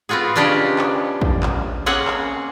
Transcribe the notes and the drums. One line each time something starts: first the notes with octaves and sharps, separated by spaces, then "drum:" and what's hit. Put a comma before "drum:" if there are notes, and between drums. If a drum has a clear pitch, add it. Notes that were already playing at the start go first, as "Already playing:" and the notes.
B3 C4 F4 F#4 G#4
C#3 C#4 D4 G4 D5 D#5
drum: clap
drum: kick
drum: clap
A#3 C4 C#4 G#4 F#5
drum: clap